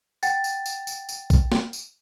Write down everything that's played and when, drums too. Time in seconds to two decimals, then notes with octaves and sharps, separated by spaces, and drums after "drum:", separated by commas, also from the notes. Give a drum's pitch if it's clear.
0.23 F#5 G5 A6, drum: tambourine
0.44 drum: tambourine
0.66 drum: tambourine
0.87 drum: tambourine
1.09 drum: tambourine
1.30 drum: kick A#1, tambourine
1.52 drum: snare
1.73 drum: tambourine